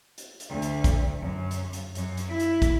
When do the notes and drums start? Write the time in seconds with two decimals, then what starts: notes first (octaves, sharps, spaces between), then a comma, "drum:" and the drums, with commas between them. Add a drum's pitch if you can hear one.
0.18 drum: hi-hat
0.40 drum: hi-hat
0.50 D2
0.62 drum: hi-hat
0.84 drum: kick, hi-hat
1.20 F#2
1.51 drum: hi-hat
1.73 drum: hi-hat
1.95 F#2, drum: hi-hat
2.17 drum: hi-hat
2.29 E4
2.40 drum: hi-hat
2.62 drum: kick, hi-hat